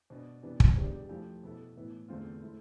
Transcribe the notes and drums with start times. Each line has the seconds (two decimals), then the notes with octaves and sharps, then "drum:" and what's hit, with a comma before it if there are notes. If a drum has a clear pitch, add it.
0.10 B2 B3 D4
0.43 C3 E3 B3 D4
0.60 drum: kick
0.76 E2 B2 G3 D4 G4
1.09 F3 A3 E4 G4
1.43 B2 B3 E4 A4
1.76 A2 E3 B3 E4
2.08 E2 D3 A3 C4 F4
2.41 A3 E4